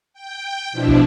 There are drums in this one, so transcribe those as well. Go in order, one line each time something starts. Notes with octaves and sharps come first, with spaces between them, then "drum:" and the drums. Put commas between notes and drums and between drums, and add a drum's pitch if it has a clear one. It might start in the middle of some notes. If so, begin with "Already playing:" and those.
G5
B2 F3 D4 E4
drum: kick